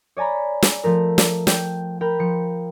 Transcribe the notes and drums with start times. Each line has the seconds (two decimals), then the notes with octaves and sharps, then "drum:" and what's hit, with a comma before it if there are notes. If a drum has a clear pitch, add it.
0.17 C#5 D5 G#5 A#5 B5
0.62 drum: snare
0.84 F3 A3 A#4
1.18 drum: snare
1.47 G5, drum: snare
2.01 A#4 G5 B5
2.19 F3 C#7